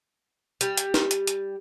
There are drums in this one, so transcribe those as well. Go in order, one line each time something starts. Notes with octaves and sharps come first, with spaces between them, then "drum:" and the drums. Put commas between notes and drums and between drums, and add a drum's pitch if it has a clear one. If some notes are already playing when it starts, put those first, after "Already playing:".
G3, drum: hi-hat
drum: hi-hat
drum: snare
drum: hi-hat
drum: hi-hat